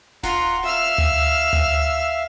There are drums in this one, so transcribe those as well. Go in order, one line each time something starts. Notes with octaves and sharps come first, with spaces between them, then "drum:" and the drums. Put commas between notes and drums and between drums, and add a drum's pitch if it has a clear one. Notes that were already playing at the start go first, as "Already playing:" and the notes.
F4 F#5 A#5, drum: snare D1
E5 F5 E6 F6
drum: tom D2
drum: tom D2